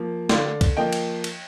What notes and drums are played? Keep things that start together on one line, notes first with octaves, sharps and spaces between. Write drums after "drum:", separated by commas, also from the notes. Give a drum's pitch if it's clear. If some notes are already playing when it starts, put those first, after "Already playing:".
Already playing: F3 A#3
D3 D5 F5, drum: snare
drum: kick, cymbal
F3 A#3 D#5 G5
drum: cymbal
drum: cymbal